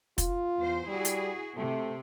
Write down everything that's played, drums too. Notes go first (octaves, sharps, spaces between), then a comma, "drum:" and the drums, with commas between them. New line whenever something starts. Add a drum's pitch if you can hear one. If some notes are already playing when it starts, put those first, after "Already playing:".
F4, drum: kick, hi-hat
E2 C5
G3 E4 F#4 G#4
drum: hi-hat
C3 A3